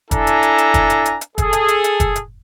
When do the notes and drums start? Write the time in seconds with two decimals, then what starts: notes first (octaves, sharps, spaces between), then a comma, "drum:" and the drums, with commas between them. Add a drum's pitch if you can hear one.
0.11 D4 E4 A4 G#5 A#5, drum: kick, hi-hat
0.27 drum: hi-hat
0.43 drum: hi-hat
0.58 drum: hi-hat
0.74 drum: kick, hi-hat
0.90 drum: hi-hat
1.05 drum: hi-hat
1.21 drum: hi-hat
1.38 G#4 A4, drum: kick, hi-hat
1.53 drum: hi-hat
1.68 drum: hi-hat
1.84 drum: hi-hat
2.00 drum: kick, hi-hat
2.16 drum: hi-hat